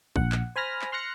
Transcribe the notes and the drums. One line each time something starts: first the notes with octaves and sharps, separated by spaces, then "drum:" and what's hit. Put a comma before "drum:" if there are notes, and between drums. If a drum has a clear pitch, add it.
A#1 F#5, drum: kick
drum: clap
C5 G#5 B5 F6 A#6
drum: clap
C6 F6 F#6 A#6 C#7